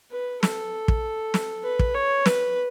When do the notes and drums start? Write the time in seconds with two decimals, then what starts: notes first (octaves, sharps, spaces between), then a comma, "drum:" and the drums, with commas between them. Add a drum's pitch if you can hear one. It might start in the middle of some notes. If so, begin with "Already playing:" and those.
0.12 B4
0.43 A4, drum: snare
0.88 drum: kick
1.34 drum: snare
1.64 B4
1.79 drum: kick
1.94 C#5
2.26 B4, drum: snare